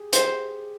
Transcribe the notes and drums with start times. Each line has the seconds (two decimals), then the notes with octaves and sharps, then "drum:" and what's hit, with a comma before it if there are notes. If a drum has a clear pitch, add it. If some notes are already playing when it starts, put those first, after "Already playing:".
Already playing: G4 G#4
0.13 G4 C5, drum: hi-hat